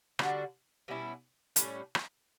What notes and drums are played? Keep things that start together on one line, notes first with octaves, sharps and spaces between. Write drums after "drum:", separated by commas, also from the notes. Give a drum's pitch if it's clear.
D3 G3 D4 F#4, drum: rim click
B2 G3 C#4 E4
A2 G3 C#4, drum: hi-hat
drum: rim click